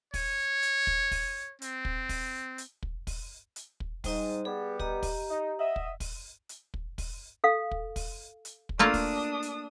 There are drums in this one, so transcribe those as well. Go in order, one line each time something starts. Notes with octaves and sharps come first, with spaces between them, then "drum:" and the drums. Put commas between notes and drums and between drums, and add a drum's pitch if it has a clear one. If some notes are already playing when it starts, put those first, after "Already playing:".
C#5, drum: kick, open hi-hat
drum: hi-hat
drum: kick
drum: kick, open hi-hat
C4, drum: hi-hat
drum: kick
drum: kick, open hi-hat
drum: hi-hat
drum: kick
drum: kick, open hi-hat
drum: hi-hat
drum: kick
G#2 G3 D#4 D#5, drum: kick, open hi-hat
G3 B3 G#4
G4 D#5 A#5, drum: kick
drum: kick, open hi-hat
D#4
D#5 E5 F#5
drum: kick
drum: kick, open hi-hat
drum: hi-hat
drum: kick
drum: kick, open hi-hat
A4 F5
drum: kick
drum: kick, open hi-hat
drum: hi-hat
drum: kick
A3 A#3 D4 F4 D#6
drum: kick, open hi-hat
drum: hi-hat